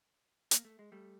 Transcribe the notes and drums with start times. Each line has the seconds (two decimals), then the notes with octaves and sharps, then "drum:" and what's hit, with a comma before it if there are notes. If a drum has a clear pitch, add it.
0.51 A#3, drum: hi-hat
0.65 A3
0.79 G#3
0.92 G3 A3